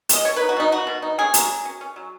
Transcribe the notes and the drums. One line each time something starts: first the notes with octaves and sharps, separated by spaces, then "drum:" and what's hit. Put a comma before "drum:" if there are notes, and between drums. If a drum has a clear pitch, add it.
C#4 D#5, drum: hi-hat
B2 C#5
D#4 B4
F#4
B2 D#4
B3 F#4
B2
D#4
C#4 G#4
F#3, drum: hi-hat
F#3
C#4
C#4
F#3